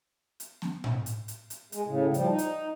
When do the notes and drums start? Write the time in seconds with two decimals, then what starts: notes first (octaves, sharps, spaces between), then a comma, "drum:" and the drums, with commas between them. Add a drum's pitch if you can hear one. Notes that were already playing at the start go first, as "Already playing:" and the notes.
0.40 drum: hi-hat
0.62 drum: snare B3
0.84 drum: tom A2
1.06 drum: hi-hat
1.28 drum: hi-hat
1.50 drum: hi-hat
1.72 G#3, drum: hi-hat
1.87 A2 C#3
2.14 F3 G3, drum: hi-hat
2.29 D#4
2.38 drum: hi-hat